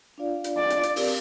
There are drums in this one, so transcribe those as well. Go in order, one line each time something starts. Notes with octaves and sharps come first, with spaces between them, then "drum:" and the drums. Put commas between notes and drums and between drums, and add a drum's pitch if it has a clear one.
D4 F4 D5 F5
drum: hi-hat
D5
drum: hi-hat
drum: hi-hat
C4 G4 A#4 D5 F5, drum: open hi-hat